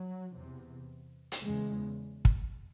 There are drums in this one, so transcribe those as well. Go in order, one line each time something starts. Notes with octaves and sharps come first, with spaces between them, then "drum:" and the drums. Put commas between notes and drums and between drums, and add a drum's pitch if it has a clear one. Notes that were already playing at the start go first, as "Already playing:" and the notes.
Already playing: F#3
E2 C3
drum: hi-hat
E2 C#3 G#3
drum: kick